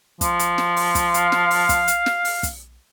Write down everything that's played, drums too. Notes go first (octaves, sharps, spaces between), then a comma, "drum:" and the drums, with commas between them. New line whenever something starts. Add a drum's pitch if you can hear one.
F3, drum: kick, hi-hat
drum: hi-hat
drum: snare
drum: open hi-hat
drum: kick, hi-hat
F5, drum: hi-hat
drum: snare
drum: open hi-hat
drum: kick, hi-hat
drum: hi-hat
drum: snare
drum: open hi-hat
drum: kick, hi-hat